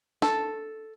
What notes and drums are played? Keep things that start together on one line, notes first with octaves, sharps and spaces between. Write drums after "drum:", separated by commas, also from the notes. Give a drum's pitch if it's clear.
A4, drum: snare